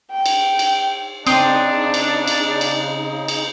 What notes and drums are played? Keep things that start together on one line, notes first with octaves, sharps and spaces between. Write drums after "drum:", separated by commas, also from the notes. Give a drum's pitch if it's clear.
G5
drum: cymbal
drum: cymbal
C#3 C4 D4 D#4 G5 C6 D#6, drum: cymbal
drum: cymbal
drum: cymbal
drum: cymbal
drum: cymbal